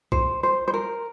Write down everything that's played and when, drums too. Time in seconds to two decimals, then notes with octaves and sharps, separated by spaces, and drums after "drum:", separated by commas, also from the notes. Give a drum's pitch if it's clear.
0.12 C5, drum: kick B1
0.43 C5
0.68 C5
0.74 A#4